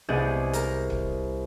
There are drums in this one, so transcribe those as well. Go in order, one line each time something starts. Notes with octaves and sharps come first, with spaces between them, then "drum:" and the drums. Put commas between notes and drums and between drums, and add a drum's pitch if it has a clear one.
C2 G#3 B3 D5 G6 D#7
A#4, drum: hi-hat
drum: kick